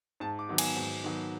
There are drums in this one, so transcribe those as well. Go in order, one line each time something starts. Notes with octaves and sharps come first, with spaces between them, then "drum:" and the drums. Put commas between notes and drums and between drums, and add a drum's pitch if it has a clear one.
G#2 A5
D6
D#3 F#3 B3
G#5, drum: cymbal
G#2
D#3 F#3 B3